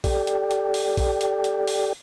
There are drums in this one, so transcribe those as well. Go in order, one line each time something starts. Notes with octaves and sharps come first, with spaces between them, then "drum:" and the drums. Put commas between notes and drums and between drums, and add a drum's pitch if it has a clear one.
G4 A4 D5 G5, drum: kick A#1, open hi-hat
drum: hi-hat
drum: hi-hat
drum: open hi-hat
drum: kick A#1, open hi-hat
drum: hi-hat
drum: hi-hat
drum: open hi-hat